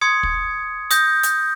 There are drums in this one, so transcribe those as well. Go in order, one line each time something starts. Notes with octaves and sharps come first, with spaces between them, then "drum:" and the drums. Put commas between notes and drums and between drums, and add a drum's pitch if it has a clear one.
C6 D#6 G#6 C#7
drum: kick
D#6 G6 A#6, drum: hi-hat
drum: hi-hat